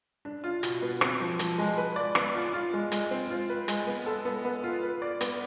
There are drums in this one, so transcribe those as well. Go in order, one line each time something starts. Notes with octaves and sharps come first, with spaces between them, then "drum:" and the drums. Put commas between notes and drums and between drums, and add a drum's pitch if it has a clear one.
D4
F4
B2, drum: hi-hat
B3
C4, drum: rim click
F3
F3, drum: hi-hat
G#3
B4
D5
B3, drum: rim click
F4
F4
G#3
G#3, drum: hi-hat
C4
F4
B4
G#3, drum: hi-hat
B3
A4
B3
B3
F4
B4
D5
B3, drum: hi-hat